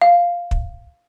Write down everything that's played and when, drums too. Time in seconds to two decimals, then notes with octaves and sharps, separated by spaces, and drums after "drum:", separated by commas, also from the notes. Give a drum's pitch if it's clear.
0.02 F5
0.51 drum: kick